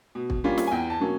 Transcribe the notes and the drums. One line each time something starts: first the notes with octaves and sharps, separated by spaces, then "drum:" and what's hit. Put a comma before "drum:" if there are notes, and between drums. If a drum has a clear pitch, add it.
B2
drum: kick
G3 A#3 C#4 F4
drum: snare
G#5
E2 G5
A5
B2 F#3 A#3 C#4